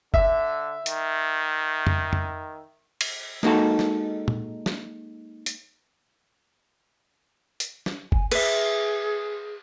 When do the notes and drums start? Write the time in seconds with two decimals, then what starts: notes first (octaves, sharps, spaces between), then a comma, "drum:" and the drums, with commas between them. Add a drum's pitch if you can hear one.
0.14 D3 E5, drum: kick
0.86 D#3, drum: hi-hat
1.87 drum: tom F2
2.13 drum: tom F2
3.01 drum: cymbal
3.43 G#3 A#3 D#4 F#4 A4, drum: snare
3.79 drum: snare
4.28 drum: tom A#2
4.66 drum: snare
5.46 drum: hi-hat
7.60 drum: hi-hat
7.86 drum: snare
8.12 G#5, drum: kick
8.31 G#4 B4 E5, drum: cymbal